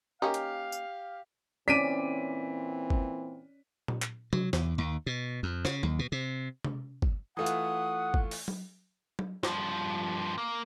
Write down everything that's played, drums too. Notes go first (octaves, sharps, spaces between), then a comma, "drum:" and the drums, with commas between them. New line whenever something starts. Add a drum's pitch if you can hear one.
A#3 C#4 D#4 G4 F5
drum: hi-hat
drum: tambourine
A#2 E3 C4 C#4 D5 B6 D7 D#7
drum: kick G1
drum: tom A#2
drum: clap
F#3, drum: tom C3
E2, drum: snare
D#2
B2
F2
C#3, drum: snare
D#2, drum: tom F#3
B2
C3
drum: tom C3
drum: kick G1
E3 A3 F4 F#5 D#6
drum: hi-hat
drum: kick G1
drum: open hi-hat
drum: tom F#3
drum: tom F#3
G2 F3, drum: snare
A#3